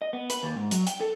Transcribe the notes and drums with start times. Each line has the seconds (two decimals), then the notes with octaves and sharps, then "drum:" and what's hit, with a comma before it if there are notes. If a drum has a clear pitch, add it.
0.02 D#5
0.13 B3
0.30 B4, drum: hi-hat
0.43 D#2
0.57 G#2
0.71 F#3, drum: hi-hat
0.87 G5, drum: hi-hat
1.00 A4